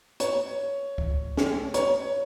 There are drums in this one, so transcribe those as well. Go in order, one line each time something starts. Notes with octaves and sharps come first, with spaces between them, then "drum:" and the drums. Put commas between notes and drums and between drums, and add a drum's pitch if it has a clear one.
C#5, drum: hi-hat
drum: kick
drum: snare
C#5, drum: hi-hat